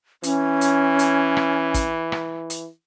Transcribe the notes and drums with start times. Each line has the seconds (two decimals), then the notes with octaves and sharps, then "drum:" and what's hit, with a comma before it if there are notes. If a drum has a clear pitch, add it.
0.23 E3 C#4, drum: hi-hat
0.61 drum: hi-hat
0.99 drum: hi-hat
1.37 drum: rim click
1.74 drum: kick, hi-hat
2.12 drum: rim click
2.50 drum: hi-hat